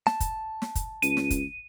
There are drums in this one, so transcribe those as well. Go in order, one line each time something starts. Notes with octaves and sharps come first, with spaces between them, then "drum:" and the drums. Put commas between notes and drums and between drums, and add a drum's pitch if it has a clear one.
A5, drum: snare
drum: kick, hi-hat
drum: snare
drum: kick, hi-hat
C#2 D#7, drum: hi-hat
drum: snare
drum: kick, hi-hat